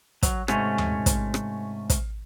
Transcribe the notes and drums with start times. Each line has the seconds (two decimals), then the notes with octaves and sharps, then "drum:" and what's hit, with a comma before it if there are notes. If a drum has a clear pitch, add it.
0.23 F#3, drum: kick, hi-hat
0.48 G#2 C3 A3 C#4, drum: rim click
0.78 drum: tom D#2
1.06 drum: kick, hi-hat
1.34 drum: rim click
1.90 drum: kick, hi-hat